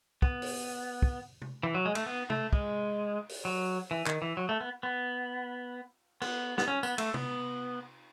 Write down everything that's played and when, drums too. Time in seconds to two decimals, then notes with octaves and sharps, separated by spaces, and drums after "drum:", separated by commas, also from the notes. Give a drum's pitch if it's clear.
0.22 B3, drum: kick
0.42 drum: open hi-hat
1.02 drum: kick
1.42 drum: tom C3
1.63 E3
1.74 F#3
1.85 G#3
1.95 A3, drum: cymbal
2.06 B3
2.30 A3, drum: tom C3
2.53 G#3, drum: kick
3.29 drum: open hi-hat
3.45 F#3
3.91 E3
4.06 D#3, drum: clap
4.22 E3
4.37 F#3
4.49 A3
4.61 B3
4.83 B3
6.22 B3, drum: cymbal
6.58 B3, drum: snare
6.68 C#4
6.83 B3, drum: tambourine
6.98 A3, drum: cymbal
7.14 B3, drum: tom C3